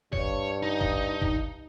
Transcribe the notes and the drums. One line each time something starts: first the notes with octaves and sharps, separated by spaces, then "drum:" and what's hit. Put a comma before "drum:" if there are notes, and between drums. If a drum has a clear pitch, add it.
G2 C#5, drum: kick
D#4
drum: kick
drum: kick